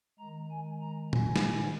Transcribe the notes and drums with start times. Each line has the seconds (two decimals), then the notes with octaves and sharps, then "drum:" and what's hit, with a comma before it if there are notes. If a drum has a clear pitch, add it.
0.19 D#3 G#3 A#5
0.51 G#5
0.82 A#5
1.13 G#5, drum: tom A#2
1.36 drum: snare